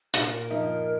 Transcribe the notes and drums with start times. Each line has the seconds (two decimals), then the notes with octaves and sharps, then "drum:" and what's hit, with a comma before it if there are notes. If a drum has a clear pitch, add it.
0.14 A#2 A#4, drum: hi-hat
0.50 F3 A#3 D#4